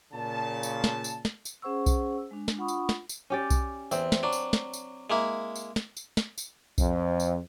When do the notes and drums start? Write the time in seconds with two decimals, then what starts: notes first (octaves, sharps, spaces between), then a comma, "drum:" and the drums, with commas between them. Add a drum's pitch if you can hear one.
0.14 A#2 C#3 A5
0.63 drum: tambourine
0.84 drum: snare
1.04 drum: tambourine
1.25 drum: snare
1.45 drum: tambourine
1.62 C#4 G#4 C5 F#5 C#6 E6
1.86 drum: kick B1, tambourine
2.31 G#3 D4
2.48 drum: snare
2.57 D4 F4 F#5 B5 C#6 D#6
2.68 drum: tambourine
2.89 drum: snare
3.09 drum: tambourine
3.30 C#4 G4 D5
3.50 drum: kick B1, tambourine
3.91 E2 C4, drum: tambourine
4.12 drum: snare
4.23 F#3 D4
4.33 drum: tambourine
4.53 drum: snare
4.74 drum: tambourine
5.10 G#3 A#3 E4
5.56 drum: tambourine
5.76 drum: snare
5.97 drum: tambourine
6.17 drum: snare
6.38 drum: tambourine
6.78 F2, drum: kick B1, tambourine
7.20 drum: tambourine